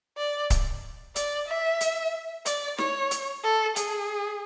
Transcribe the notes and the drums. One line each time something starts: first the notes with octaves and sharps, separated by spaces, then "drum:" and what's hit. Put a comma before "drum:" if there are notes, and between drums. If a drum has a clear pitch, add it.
D5
drum: kick C#1, hi-hat
D5, drum: hi-hat
E5
drum: hi-hat
D5, drum: hi-hat
C#5, drum: snare
drum: hi-hat
A4
G#4, drum: hi-hat